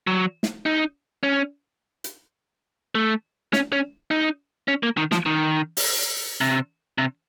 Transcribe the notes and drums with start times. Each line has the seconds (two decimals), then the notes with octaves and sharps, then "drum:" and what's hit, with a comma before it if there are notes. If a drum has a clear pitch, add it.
0.07 F#3
0.43 drum: snare
0.66 D#4
1.23 C#4
2.04 drum: hi-hat
2.95 A3
3.53 C#4, drum: snare
3.72 C#4
4.11 D#4
4.68 C#4
4.83 A#3
4.98 D#3
5.12 F3, drum: snare
5.26 D#3
5.77 drum: open hi-hat
6.41 C3
6.98 C3